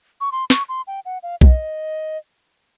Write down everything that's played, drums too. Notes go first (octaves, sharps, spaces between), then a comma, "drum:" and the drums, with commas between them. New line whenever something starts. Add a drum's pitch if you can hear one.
C#6
C6
C#6, drum: snare
C6
G5
F#5
F5
D#5, drum: kick B1